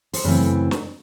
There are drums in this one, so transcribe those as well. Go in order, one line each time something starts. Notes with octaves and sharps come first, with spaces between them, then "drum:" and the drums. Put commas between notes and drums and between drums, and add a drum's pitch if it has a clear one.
C5, drum: open hi-hat
F#2 C#3 E3 A3 C4 B4
drum: snare